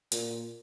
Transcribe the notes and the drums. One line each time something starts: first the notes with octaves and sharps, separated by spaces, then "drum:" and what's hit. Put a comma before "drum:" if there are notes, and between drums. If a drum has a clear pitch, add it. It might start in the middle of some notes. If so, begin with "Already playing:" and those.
A#2, drum: hi-hat